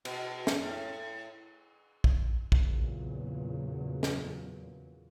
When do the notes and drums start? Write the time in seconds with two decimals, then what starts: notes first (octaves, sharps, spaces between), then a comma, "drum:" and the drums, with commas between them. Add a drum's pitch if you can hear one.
0.05 B2, drum: cymbal
0.47 drum: snare
0.63 A2
2.04 drum: kick
2.52 E2 A#2 C#3 F#3, drum: kick
4.03 drum: snare